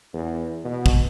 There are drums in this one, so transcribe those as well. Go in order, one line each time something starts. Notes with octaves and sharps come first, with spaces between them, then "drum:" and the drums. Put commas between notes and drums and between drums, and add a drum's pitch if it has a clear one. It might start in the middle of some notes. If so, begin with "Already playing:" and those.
E2
B2
drum: kick